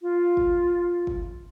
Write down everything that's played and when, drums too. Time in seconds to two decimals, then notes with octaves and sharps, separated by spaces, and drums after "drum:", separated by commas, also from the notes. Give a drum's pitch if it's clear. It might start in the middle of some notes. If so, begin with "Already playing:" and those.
0.02 F4
0.37 drum: kick G1
1.07 drum: kick G1